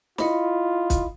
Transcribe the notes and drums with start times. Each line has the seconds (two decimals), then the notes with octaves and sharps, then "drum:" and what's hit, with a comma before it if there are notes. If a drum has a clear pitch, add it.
0.18 E4 F4 D#5 B5, drum: snare
0.90 drum: kick, hi-hat